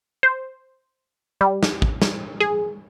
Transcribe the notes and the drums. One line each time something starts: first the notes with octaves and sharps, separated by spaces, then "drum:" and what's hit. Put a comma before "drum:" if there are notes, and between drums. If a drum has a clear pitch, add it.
C5
G3
drum: snare
drum: kick
drum: snare
G#4